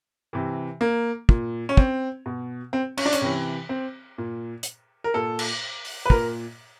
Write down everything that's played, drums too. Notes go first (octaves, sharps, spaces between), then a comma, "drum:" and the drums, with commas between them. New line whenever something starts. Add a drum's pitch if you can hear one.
C3 E3
A#3
A#2, drum: kick
C#4
C4, drum: kick
B2
C4
C#4, drum: cymbal
D4
C#4, drum: hi-hat
C3 E3
C4
A#2
drum: hi-hat
A#4
A#2 A4
drum: cymbal
drum: open hi-hat
B4
A#2 A#4, drum: kick